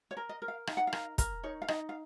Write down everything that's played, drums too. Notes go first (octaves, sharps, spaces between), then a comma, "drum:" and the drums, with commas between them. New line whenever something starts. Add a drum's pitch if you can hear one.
C#5
A#4
D#5
A#4
F5
D#4 F5, drum: rim click
F#5
F5
A#4, drum: rim click
A#4, drum: kick, hi-hat
D#4 C#5
F5
D#4 D#5, drum: rim click
F5